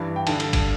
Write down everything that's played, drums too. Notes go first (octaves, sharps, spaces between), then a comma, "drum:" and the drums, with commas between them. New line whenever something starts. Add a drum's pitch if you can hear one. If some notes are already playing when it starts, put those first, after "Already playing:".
Already playing: G2 E3
G5
G2 D3 A5, drum: cymbal
drum: cymbal
drum: kick G1, cymbal